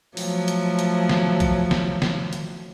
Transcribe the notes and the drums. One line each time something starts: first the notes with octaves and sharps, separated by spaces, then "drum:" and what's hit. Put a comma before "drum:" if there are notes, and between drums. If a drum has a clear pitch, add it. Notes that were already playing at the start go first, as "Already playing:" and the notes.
F3 F#3 A3, drum: open hi-hat
drum: hi-hat
drum: hi-hat
drum: snare
drum: kick A#1, hi-hat
drum: snare
drum: snare
drum: hi-hat